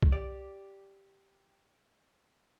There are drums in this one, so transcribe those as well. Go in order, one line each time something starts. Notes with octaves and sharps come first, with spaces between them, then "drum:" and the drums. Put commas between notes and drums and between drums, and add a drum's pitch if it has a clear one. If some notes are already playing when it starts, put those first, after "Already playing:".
drum: kick B1
G4 D5